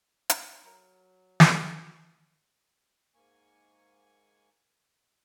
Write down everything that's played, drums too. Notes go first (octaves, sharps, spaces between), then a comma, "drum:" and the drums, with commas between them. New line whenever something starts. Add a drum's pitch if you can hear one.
drum: hi-hat
F#3 A4 A#4
drum: snare
G#2 A#3 G#5 C#6